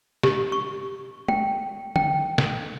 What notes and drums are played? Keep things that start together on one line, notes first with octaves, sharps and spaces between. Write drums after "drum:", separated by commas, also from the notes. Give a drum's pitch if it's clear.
G4, drum: snare
C#6
G5, drum: tom
G5, drum: tom D3
drum: snare